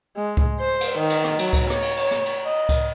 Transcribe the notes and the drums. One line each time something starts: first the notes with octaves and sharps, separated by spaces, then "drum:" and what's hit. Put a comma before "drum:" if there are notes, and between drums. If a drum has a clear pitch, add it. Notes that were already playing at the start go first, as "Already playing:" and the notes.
G#3
drum: kick C#2
C5
drum: cymbal
D#3
drum: cymbal
drum: rim click
F#3, drum: cymbal
drum: kick C#2, cymbal
C#5, drum: rim click
drum: cymbal
drum: cymbal
drum: rim click
drum: cymbal
D#5
drum: kick C#2, cymbal